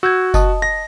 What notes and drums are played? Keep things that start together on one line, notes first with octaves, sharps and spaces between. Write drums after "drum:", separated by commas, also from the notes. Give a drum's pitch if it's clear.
F#4 E6 G6 G#6
D#5 A5 D#6, drum: kick F#1, tambourine
A#6